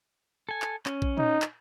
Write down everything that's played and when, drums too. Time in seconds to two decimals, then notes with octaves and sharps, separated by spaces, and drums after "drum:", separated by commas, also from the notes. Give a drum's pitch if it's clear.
0.49 A4 G#5
0.62 drum: clap
0.86 C#4, drum: clap
1.02 drum: kick A#1
1.18 D#4, drum: tom A#2
1.42 drum: clap